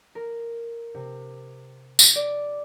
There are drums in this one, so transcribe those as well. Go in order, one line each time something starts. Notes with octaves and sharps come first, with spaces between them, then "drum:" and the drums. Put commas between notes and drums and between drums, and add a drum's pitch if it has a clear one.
A#4
C3
drum: tambourine
D5